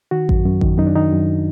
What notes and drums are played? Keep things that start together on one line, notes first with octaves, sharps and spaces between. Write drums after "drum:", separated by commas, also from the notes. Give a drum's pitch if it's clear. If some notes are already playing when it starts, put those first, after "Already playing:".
D#3 F#4
F#2, drum: kick A1
F#2
D#3, drum: kick A1
F#2 D#4
D4
D#3 D#4
F#2